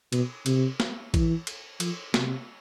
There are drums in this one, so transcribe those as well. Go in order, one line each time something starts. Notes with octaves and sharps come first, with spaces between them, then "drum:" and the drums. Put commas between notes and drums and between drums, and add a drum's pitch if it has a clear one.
B2, drum: cymbal
C3, drum: cymbal
drum: snare
E3, drum: kick A#1, cymbal
drum: cymbal
F3, drum: cymbal
C3, drum: snare